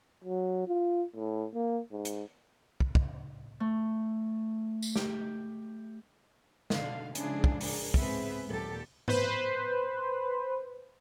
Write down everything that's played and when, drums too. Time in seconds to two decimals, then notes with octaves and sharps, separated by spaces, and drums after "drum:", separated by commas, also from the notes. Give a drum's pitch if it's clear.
0.24 F#3
0.68 F4
1.16 A2
1.54 A#3
1.92 G#2
2.05 drum: hi-hat
2.80 drum: kick
2.95 drum: kick
3.60 A3
4.82 drum: tambourine
4.96 G4, drum: snare
6.70 B2 D3 F5, drum: snare
7.15 C#3 F3 G#3 D4 E4 G#4, drum: hi-hat
7.44 drum: kick
7.61 D4 G#4 A#4, drum: open hi-hat
7.94 G#2 B3 C4 G#4 B4 E5, drum: kick
8.47 D#2 A#2 F#3 G4 A4
9.08 B4 C5, drum: tom G#2